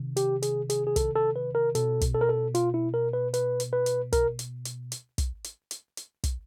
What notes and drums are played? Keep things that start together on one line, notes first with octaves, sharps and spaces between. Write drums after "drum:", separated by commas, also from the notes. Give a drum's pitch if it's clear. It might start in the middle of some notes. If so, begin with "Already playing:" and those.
Already playing: C3 D#3
G4, drum: hi-hat
G#4, drum: hi-hat
G#4, drum: hi-hat
G#4
A4, drum: kick, hi-hat
A4
B4
A#4
B2 A4, drum: hi-hat
drum: kick, hi-hat
A4
A#4
A4
F4, drum: hi-hat
E4
A#4
B4
B4, drum: hi-hat
drum: hi-hat
B4
drum: hi-hat
A#4, drum: kick, hi-hat
drum: hi-hat
drum: hi-hat
drum: hi-hat
drum: kick, hi-hat
drum: hi-hat
drum: hi-hat
drum: hi-hat
drum: kick, hi-hat